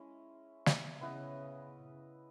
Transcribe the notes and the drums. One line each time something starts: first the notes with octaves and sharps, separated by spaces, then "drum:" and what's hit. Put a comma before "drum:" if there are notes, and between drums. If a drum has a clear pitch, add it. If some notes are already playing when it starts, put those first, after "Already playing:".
Already playing: G#3 C#4 E4
drum: snare
C#3 B3 E4 B4 D#5